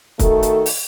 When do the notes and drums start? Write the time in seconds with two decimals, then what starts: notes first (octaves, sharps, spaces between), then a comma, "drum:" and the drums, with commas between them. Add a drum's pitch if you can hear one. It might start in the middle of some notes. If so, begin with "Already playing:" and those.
0.19 D#3 A3 F#4 A4, drum: kick, hi-hat
0.43 drum: hi-hat
0.66 drum: open hi-hat